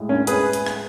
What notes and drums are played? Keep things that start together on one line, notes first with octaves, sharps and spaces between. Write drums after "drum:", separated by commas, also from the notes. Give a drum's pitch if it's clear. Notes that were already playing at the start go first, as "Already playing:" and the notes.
Already playing: A2 G#3
C#4
G#4 B4, drum: hi-hat
drum: hi-hat
drum: rim click